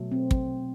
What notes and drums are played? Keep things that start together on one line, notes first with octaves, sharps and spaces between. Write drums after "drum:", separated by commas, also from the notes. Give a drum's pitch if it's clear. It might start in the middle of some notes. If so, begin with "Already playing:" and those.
Already playing: B2 F#3 A3
C4
drum: kick